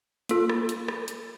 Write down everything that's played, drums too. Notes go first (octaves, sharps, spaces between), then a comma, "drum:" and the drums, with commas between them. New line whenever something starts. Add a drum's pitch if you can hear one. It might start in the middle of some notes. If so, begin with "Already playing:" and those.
A#3 F4 A4, drum: hi-hat
drum: rim click
drum: hi-hat
drum: rim click
drum: hi-hat